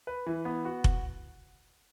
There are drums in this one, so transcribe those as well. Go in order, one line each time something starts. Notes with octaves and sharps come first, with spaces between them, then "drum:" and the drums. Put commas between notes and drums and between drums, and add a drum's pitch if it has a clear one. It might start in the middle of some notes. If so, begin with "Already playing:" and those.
B4
E3
B3
F#4
drum: kick F1